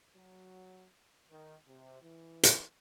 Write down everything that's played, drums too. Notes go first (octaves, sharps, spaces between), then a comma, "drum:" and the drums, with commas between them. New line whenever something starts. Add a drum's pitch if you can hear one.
F#3
D#3
C3
E3
drum: hi-hat